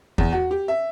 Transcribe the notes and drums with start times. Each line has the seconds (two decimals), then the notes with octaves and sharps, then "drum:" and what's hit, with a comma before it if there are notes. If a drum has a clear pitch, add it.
0.18 E2, drum: kick E2
0.32 F#4
0.51 G4
0.68 E5